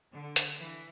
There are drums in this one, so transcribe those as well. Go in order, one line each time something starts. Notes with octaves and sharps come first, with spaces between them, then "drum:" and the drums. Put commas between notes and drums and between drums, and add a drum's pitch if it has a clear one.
D3
drum: hi-hat
E3